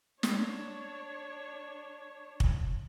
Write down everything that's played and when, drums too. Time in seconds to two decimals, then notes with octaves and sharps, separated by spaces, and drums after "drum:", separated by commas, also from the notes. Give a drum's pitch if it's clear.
0.23 D4 C#5, drum: snare
2.40 drum: kick